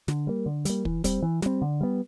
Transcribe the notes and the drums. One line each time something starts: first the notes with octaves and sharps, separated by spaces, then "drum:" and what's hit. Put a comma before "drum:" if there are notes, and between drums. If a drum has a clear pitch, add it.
D3, drum: snare
G3 A#3
D3
G3 A#3, drum: hi-hat
E3, drum: kick
G3 C4, drum: kick, hi-hat
E3
G3 C4, drum: snare
D3
G3 B3